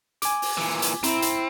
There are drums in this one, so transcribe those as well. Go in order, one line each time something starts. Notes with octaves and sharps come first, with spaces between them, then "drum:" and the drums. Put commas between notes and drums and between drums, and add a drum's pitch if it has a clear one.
G#5 D6, drum: hi-hat
drum: open hi-hat
A#2 E3
drum: hi-hat
C4 E4 A#5, drum: hi-hat
drum: hi-hat